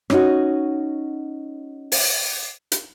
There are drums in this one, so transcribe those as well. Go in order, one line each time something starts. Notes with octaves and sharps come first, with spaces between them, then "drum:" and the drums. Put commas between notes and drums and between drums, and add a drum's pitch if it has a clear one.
C#4 D#4 F#4, drum: rim click
drum: open hi-hat
drum: hi-hat